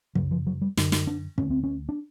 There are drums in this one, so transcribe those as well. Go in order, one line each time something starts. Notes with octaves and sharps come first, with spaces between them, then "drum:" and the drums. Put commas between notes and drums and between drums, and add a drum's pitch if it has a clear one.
F#2 C#3 F#3, drum: kick
F3
F#3
G3
F#2 D3, drum: snare
drum: snare
D4
D2 D3 C#4, drum: kick
C4
C#4
D4